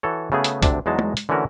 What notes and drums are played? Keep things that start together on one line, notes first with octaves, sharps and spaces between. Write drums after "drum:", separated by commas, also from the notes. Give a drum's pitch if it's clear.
E3 F#4 A4 C#5
C#3 A3 B3 F#4 G#4
drum: hi-hat
D2 C3 D4, drum: kick, hi-hat
E2 F#3 G#3 D#4 A5
drum: tom
drum: hi-hat
D3 E3 A3 C#4 F#4 A#4